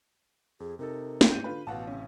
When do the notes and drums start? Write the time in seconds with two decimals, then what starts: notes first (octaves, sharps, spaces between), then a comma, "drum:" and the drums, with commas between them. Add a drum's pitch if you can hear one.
0.60 F2 G#4
0.79 C3 D#4 A4 A#4
1.21 drum: snare
1.32 G#2 G6 D#7
1.44 D3 F4 B4
1.67 A1 B2 F5 F#5 A5
1.87 C3 C#4